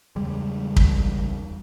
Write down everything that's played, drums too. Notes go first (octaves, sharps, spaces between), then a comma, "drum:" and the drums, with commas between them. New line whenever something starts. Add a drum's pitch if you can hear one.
E2 C#3 G3 G#3
drum: kick